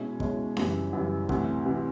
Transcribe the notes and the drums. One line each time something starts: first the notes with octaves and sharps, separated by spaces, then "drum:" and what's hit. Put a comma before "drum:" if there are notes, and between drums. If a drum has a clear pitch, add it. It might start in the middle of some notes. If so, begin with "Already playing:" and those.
Already playing: B2 G#3 C#4 E4
B2 G#3 C#4 E4, drum: kick
F#2 C#3 E3 G3, drum: snare D4
F#2 C#3 E3 G3
D2 C3 E3, drum: kick
C3 E3